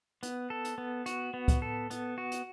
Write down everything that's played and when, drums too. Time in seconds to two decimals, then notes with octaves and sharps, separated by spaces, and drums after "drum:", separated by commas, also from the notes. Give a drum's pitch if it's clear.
0.23 B3, drum: hi-hat
0.50 A4
0.64 drum: hi-hat
0.78 B3
1.06 F#4, drum: hi-hat
1.34 B3
1.48 drum: kick C#2, hi-hat
1.62 A4
1.90 B3, drum: hi-hat
2.18 F#4
2.32 drum: hi-hat